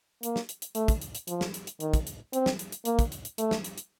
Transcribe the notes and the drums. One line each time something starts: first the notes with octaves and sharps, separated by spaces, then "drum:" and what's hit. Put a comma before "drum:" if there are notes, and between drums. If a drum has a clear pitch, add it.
A#3, drum: hi-hat
drum: snare
drum: hi-hat
drum: hi-hat
A3, drum: hi-hat
drum: kick, hi-hat
drum: hi-hat
drum: hi-hat
F3, drum: hi-hat
drum: snare
drum: hi-hat
drum: hi-hat
D#3, drum: hi-hat
drum: kick, hi-hat
drum: hi-hat
C4, drum: hi-hat
drum: snare
drum: hi-hat
drum: hi-hat
A#3, drum: hi-hat
drum: kick, hi-hat
drum: hi-hat
drum: hi-hat
A3, drum: hi-hat
drum: snare
drum: hi-hat
drum: hi-hat